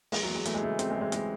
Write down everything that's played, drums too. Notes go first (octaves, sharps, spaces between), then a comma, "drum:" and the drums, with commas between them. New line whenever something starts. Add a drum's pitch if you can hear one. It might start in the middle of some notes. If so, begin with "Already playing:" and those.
E3 G#3, drum: open hi-hat
F#3
E2
G#3
E3 A3, drum: hi-hat
G#3
C#3 A3
C#3 C4, drum: hi-hat
G#3
E3
G#3
E3 G#3, drum: hi-hat